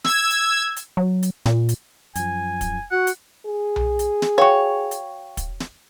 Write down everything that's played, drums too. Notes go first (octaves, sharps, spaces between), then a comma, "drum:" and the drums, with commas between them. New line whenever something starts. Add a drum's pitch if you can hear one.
E6 G#6, drum: snare
drum: hi-hat
drum: hi-hat
F#3
drum: hi-hat
A#2, drum: snare
drum: hi-hat
F#2 F3 G#5, drum: hi-hat
drum: kick, hi-hat
F#4 F#5
drum: hi-hat
G#4
drum: tom B1
drum: hi-hat
drum: snare
F#4 C#5 F5 G5 C#6
drum: hi-hat
drum: kick, hi-hat
drum: snare